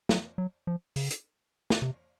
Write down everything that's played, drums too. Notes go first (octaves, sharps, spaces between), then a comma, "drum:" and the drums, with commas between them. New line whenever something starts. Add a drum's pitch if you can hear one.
F#3, drum: snare
F#3
F3
C#3, drum: open hi-hat
drum: hi-hat
drum: snare
C3